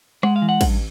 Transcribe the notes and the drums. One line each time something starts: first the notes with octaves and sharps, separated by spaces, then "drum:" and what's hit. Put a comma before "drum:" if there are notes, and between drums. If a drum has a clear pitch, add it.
G#3 F#5, drum: rim click
F5
E3
F#5
G2, drum: kick, cymbal